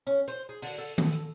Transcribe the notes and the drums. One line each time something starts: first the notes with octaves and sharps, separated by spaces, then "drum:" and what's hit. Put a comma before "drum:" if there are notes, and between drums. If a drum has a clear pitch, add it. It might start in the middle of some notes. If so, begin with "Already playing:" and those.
C#4
C5, drum: hi-hat
G#4
D3, drum: open hi-hat
A4
A4, drum: tom D#3
drum: hi-hat